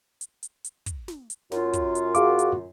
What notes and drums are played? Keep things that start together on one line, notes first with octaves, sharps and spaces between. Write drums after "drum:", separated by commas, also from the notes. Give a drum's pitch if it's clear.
drum: hi-hat
drum: hi-hat
drum: hi-hat
drum: kick, hi-hat
drum: snare
drum: hi-hat
F#2 F4, drum: snare
drum: kick, hi-hat
drum: hi-hat
F#4 G#4 F5 D6, drum: hi-hat
drum: hi-hat